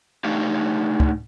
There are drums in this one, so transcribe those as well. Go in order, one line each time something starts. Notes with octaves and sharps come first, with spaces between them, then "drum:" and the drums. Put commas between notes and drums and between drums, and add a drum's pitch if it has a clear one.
A3 D4 D#4 G4 F5
drum: kick C#2